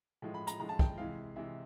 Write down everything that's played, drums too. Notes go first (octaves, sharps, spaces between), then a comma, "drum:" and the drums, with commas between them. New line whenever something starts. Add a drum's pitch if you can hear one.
A2 F3 G#3
B5
A#5, drum: hi-hat
A2 F3 G#3 A#5
A5
G5, drum: kick C2
C3 E3 G#3 F5
C3 E3 G#3 E5